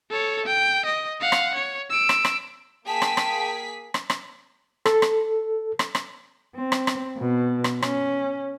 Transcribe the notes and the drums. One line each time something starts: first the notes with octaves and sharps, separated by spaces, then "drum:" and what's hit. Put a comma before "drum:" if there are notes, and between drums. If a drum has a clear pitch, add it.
A4 C#5
G5
D#5
F5 F#5
drum: rim click
C#5
E6 D7
drum: rim click
drum: rim click
A#3 G#4 G5 A5 B6
drum: rim click
drum: rim click
drum: rim click
drum: rim click
A4, drum: rim click
drum: rim click
drum: rim click
drum: rim click
C4
drum: rim click
drum: rim click
B2
drum: rim click
C#4, drum: rim click